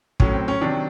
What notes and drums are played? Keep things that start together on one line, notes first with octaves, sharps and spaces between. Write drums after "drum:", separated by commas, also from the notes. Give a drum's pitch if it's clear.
A2 F#3 C#4, drum: kick
C4
C#4
C3 D#3 F#3 D4